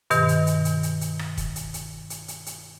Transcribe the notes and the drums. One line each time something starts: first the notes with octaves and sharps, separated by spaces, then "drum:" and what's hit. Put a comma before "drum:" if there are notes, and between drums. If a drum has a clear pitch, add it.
G2 B2 D#3, drum: hi-hat
drum: hi-hat
drum: hi-hat
drum: hi-hat
drum: hi-hat
drum: hi-hat
drum: rim click
drum: kick, hi-hat
drum: hi-hat
drum: hi-hat
drum: hi-hat
drum: hi-hat
drum: hi-hat